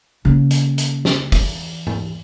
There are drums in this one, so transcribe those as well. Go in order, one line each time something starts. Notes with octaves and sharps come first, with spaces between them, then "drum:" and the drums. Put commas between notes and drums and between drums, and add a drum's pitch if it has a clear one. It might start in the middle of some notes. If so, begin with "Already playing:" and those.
C#3 A#3
drum: hi-hat
drum: hi-hat
drum: snare
E3, drum: kick, open hi-hat
drum: tom